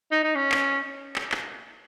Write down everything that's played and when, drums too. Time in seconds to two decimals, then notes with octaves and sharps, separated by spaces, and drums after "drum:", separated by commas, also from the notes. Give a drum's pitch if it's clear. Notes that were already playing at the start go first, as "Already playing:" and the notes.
0.11 D#4
0.23 D#4
0.35 C#4
0.52 drum: clap
1.16 drum: clap
1.32 drum: clap